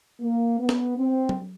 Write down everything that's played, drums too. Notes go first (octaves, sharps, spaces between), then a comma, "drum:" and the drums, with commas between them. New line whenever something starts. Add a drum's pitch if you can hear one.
A#3
B3
drum: snare
C4
drum: tom F#3